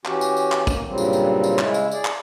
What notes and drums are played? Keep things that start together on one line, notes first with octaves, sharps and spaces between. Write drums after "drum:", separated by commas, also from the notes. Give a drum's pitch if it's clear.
E3 C#4 F#4 G4, drum: clap
drum: tambourine
drum: tambourine
drum: clap
A#3, drum: kick, tambourine
G2 A#2 C#3 F#3 G3 C4
drum: tambourine
drum: tambourine
drum: tambourine
C#3 G#3 E4, drum: clap
drum: tambourine
G#4 D5, drum: tambourine
drum: clap